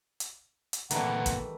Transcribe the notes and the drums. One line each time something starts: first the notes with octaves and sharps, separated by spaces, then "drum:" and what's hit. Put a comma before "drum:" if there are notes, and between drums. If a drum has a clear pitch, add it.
drum: hi-hat
drum: hi-hat
D2 A#2 D#3 E3 G3 A3 D4 F#5, drum: hi-hat
drum: kick, hi-hat